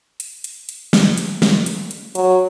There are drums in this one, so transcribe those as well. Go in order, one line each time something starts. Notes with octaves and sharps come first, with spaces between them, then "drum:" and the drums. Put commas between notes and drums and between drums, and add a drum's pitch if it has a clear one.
drum: hi-hat
drum: hi-hat
drum: hi-hat
drum: snare
drum: hi-hat
drum: snare
drum: hi-hat
drum: hi-hat
F#3, drum: hi-hat